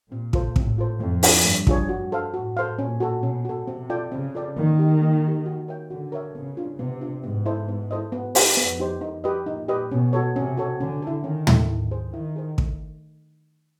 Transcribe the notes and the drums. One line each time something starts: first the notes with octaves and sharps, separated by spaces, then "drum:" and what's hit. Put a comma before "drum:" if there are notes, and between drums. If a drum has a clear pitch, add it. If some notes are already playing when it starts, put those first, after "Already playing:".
A#2 C4
F4 A4 C5, drum: kick
A2 C4, drum: kick
F4 A4 C5
F2 A3
D4 F4 G#4 C#5, drum: open hi-hat
G2 A3
D4 F4 G#4 C#5, drum: kick
F#4
A4 C5 F5
A2 F#4
A4 C5 F5
A#2 C#4
F#4 A4
B2 C#4
F#4 A4
C3 C4
F4 A4 D5 G5
C#3 C4
F4 A4 D5 G5
D#3 A#3
D#4 G4
A#3
D#4 G4
F#4
A#4 C#5 E5 G5
D3 F#4
A#4 C#5 E5 G5
C#3 B3
D4 F4
C3 B3
D4 F4
G#2 B3
E4 A4 C5 D#5
B3
E4 A4 C5 D#5
B3
D#4 G4 C5, drum: open hi-hat
F2 B3
D#4 G4 C5
D#4
G4 B4 D#5
A#2 D#4
G4 B4 D#5
B2 C#4
F#4 A4 C#5
C3 C#4
F#4 A4 C#5
D3 C#4
E4 A4
D#3 C#4
E4 A4, drum: tom
E4
G#4 C5
D#3 E4
G#4 C5
A3, drum: kick